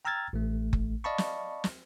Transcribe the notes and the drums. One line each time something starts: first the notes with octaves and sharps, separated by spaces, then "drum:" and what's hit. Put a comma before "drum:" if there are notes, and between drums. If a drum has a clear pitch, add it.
G5 A#5 E6 F6 G#6 A6
A1 A3
drum: kick F#1
D5 D#5 F5 A5 B5 C#6
drum: snare
drum: snare